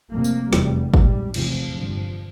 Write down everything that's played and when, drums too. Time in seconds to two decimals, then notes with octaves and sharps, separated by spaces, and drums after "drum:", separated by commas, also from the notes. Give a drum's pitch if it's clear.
0.12 F1 F2 C3 A#3
0.24 drum: tambourine
0.53 F1 E2 C3 G3, drum: snare
0.94 A#1 G#2 G3, drum: kick
1.34 F1 E2 C3 F3, drum: cymbal
1.75 G1 G2